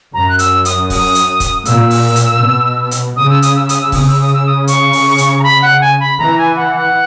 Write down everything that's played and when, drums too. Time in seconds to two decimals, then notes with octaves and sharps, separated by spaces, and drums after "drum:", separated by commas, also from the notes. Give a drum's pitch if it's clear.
0.14 F#2 A#5
0.29 F#6
0.39 E6, drum: hi-hat
0.65 D#6, drum: hi-hat
0.90 D#6, drum: kick, open hi-hat
1.15 drum: hi-hat
1.40 drum: kick, hi-hat
1.65 A#2 E6, drum: hi-hat
1.91 drum: open hi-hat
2.16 drum: hi-hat
2.40 B2
2.91 drum: hi-hat
3.16 C#3 D#6
3.30 E6
3.42 D#6, drum: hi-hat
3.56 E6
3.69 D#6, drum: hi-hat
3.81 E6
3.92 C#3 D#6, drum: kick, open hi-hat
4.08 E6
4.21 D#6
4.34 E6
4.46 D#6
4.67 C#6, drum: hi-hat
4.93 drum: open hi-hat
5.18 drum: hi-hat
5.39 A#5
5.43 B5
5.62 F#5
5.81 G#5
6.00 B5
6.19 E3 A#5
6.38 G#5
6.56 F#5
6.76 F#5